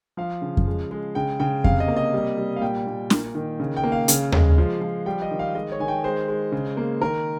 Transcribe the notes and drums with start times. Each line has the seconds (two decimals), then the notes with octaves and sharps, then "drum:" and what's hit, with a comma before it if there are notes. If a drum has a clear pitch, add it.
0.17 F3 F5
0.42 C#3
0.57 drum: kick F2
0.67 G#3
0.91 G#3
1.15 C#3 G5
1.40 C#3 G5
1.64 C3 F5, drum: kick F2
1.80 D#5
1.88 A#3
1.97 D#5
2.14 G3
2.38 G3
2.56 F5
2.61 A#2 G5
2.87 A#2
3.10 A#3, drum: snare
3.35 D#3
3.60 C#3
3.77 G5
3.84 A#3
3.92 F5
4.08 C#3, drum: hi-hat
4.32 G#3, drum: tom D#2
4.58 F3
4.81 F3
5.06 G3 G5
5.22 D#5
5.31 D#3
5.39 F5
5.54 G#3 D#5
5.72 C#5
5.80 D#3 G#5
5.88 G5
6.04 G#3 C5
6.28 G#3
6.52 C#3
6.77 A#3
7.01 D#3 A#4